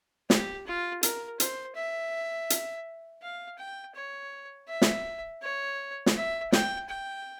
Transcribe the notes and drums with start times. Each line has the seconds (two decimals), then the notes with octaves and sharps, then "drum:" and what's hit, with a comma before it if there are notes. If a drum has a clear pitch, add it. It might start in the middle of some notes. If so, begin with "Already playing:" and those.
0.30 G4, drum: snare
0.66 F4
1.03 A#4, drum: hi-hat
1.40 C5, drum: hi-hat
1.76 E5
2.50 drum: hi-hat
3.22 F5
3.59 G5
3.95 C#5
4.69 E5
4.82 drum: snare
5.42 C#5
6.06 drum: snare
6.16 E5
6.52 G5, drum: snare
6.89 G5